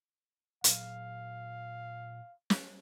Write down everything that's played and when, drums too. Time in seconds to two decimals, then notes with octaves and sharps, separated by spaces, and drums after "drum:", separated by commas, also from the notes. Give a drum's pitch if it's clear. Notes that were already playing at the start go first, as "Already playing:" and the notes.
0.64 A#2 F#3 F5, drum: hi-hat
2.50 drum: snare